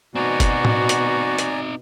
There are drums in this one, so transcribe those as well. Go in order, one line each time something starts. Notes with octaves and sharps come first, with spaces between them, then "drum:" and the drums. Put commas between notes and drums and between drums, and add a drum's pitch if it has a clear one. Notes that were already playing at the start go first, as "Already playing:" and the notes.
B2 C4 D#4 F#4 D5 G#5 A#5
drum: kick, hi-hat
drum: tom A2
drum: hi-hat
drum: hi-hat